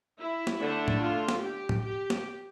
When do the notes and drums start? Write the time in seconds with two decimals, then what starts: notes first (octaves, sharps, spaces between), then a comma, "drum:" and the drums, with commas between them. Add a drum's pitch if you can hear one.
0.20 E4
0.47 drum: snare
0.60 D3 A3 D4
0.88 drum: tom A2
1.01 F4
1.29 drum: snare
1.42 G4
1.69 drum: tom A2
1.83 G4
2.10 drum: snare